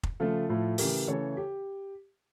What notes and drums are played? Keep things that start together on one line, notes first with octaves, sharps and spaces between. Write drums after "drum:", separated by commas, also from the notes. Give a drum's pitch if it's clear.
drum: kick F1
C#3 F3 A3 F4 A4
A2 F3 A3
C#3 E3 A3 G4 A#4, drum: open hi-hat
C#3 E3 A3 A4 C#5
G4